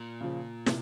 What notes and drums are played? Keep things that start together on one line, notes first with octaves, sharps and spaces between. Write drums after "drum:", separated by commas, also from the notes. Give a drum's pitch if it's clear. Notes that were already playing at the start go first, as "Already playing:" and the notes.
Already playing: A#2
C#3 F3
C3, drum: snare